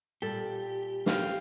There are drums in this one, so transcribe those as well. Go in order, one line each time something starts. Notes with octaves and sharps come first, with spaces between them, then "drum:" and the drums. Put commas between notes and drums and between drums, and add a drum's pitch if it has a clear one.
A#2 G3 G4 A4
F5 G5, drum: snare